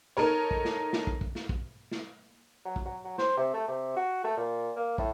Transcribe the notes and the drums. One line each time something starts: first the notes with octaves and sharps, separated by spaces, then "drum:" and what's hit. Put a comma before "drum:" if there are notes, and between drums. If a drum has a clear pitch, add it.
D#4 A4 A#4 C#5
drum: kick
drum: snare
drum: snare
drum: kick
drum: kick
drum: snare
drum: kick
drum: snare
F#3
drum: kick
F#3
F#3
C5, drum: snare
C3
A3
C3
F#4
A3
A#2
A#3
A2, drum: kick